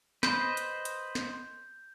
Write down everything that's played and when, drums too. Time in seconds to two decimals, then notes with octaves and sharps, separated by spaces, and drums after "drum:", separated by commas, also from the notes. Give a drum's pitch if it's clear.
0.23 B4 C5 D#5 G6, drum: snare
0.57 drum: hi-hat
0.85 drum: hi-hat
1.15 drum: snare